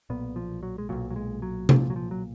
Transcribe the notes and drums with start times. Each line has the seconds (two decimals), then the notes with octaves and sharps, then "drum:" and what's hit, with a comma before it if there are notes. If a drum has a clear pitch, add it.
0.10 B1 A#2 B3
0.36 F3
0.63 F#3
0.78 G#3
0.89 B1 A#2 F#3
1.10 F#3
1.16 G#3
1.42 F#3
1.69 B1 A#2 F3, drum: tom C3
1.90 F#3
1.96 F3
2.11 F#3